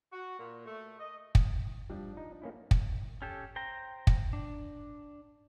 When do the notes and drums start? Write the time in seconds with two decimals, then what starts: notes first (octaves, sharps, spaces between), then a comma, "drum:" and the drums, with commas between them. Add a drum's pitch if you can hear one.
0.12 F#4
0.39 A#2
0.66 A3
1.00 D#5
1.35 drum: kick
1.90 F3 G3 D4
2.17 D#4
2.42 A#3 C#4 E4
2.71 drum: kick
3.22 C#4 G4 A4
3.56 C5 G5 A#5
4.07 drum: kick
4.33 D4